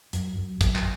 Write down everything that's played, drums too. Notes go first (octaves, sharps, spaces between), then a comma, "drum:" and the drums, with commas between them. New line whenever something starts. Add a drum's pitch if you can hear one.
F#2, drum: hi-hat
F#2
F#2, drum: kick, hi-hat
drum: clap